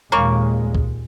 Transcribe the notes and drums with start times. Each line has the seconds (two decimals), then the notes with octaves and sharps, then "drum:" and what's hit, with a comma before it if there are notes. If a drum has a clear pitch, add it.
0.12 D#2 A#2 C#3 G#3 A#3 C#6
0.75 drum: kick C#2